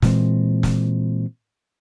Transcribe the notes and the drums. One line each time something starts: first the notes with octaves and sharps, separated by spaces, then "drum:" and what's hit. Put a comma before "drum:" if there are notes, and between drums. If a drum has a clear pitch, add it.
A#2 E3 G#3 C4, drum: snare
drum: snare